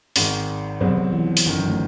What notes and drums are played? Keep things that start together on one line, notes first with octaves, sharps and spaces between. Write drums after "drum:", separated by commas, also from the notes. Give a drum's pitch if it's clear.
G#1 G#2 D#3, drum: open hi-hat
C2 B2 F#3 G#3 C4
F3
E3
drum: open hi-hat
G1 F#2 D#3 F3
F#3
A3